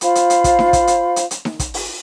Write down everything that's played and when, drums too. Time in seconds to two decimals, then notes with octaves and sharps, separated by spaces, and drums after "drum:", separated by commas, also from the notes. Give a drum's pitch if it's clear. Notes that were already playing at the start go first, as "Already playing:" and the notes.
0.01 F4 C5 F5 B5, drum: hi-hat
0.15 drum: hi-hat
0.30 drum: hi-hat
0.44 drum: kick, hi-hat
0.59 drum: snare D#4
0.73 drum: kick, hi-hat
0.87 drum: hi-hat
1.16 drum: hi-hat
1.31 drum: hi-hat
1.45 drum: snare D#4
1.59 drum: kick, hi-hat
1.74 drum: open hi-hat